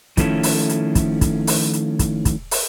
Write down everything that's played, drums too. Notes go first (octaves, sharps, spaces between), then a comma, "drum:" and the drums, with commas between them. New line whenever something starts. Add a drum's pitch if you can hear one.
D#3 F3 A3 C#4 E4 A4, drum: kick, hi-hat
drum: open hi-hat
drum: hi-hat
drum: kick, hi-hat
drum: kick, hi-hat
drum: open hi-hat
drum: hi-hat
drum: kick, hi-hat
drum: kick, hi-hat
drum: open hi-hat